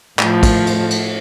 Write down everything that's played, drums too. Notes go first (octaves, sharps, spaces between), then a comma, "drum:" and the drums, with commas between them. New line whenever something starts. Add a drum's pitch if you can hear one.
A2 F3, drum: clap
drum: kick, cymbal
drum: cymbal
drum: cymbal